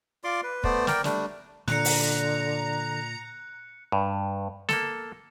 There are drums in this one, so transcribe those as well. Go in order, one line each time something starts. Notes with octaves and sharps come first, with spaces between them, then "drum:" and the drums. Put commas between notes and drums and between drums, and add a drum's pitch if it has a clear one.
F4 D5 C6 D6
B4
A3 B3 C5 D5, drum: kick
A#4 D5 G5, drum: snare
G3 A3 D4, drum: snare
A#2 D3 A#5 F#6 C#7, drum: snare
drum: open hi-hat
G2
A#3 A4, drum: snare